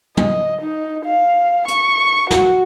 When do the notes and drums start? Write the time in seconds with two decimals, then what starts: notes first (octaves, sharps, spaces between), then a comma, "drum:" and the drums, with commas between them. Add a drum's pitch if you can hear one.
0.17 D#5, drum: tom
0.62 D#4
1.05 F5
1.68 C#6, drum: hi-hat
2.31 F#4, drum: snare